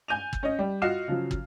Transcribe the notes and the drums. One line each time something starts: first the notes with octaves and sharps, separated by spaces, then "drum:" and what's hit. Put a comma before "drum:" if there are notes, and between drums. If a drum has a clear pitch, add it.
G#5 G6 D#7 F7
drum: kick
C#4 D#5
G3
F4 F#4 D#5 F6 C7 E7
C#3 F3 F#3
drum: kick